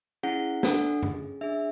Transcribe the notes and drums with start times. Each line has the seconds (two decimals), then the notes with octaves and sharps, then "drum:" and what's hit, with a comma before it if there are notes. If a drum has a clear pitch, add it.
0.23 C#4 E4 G#4 F#5
0.63 D4 A4, drum: snare
1.03 C#4 G#4, drum: tom F#2
1.41 D4 G#4 E5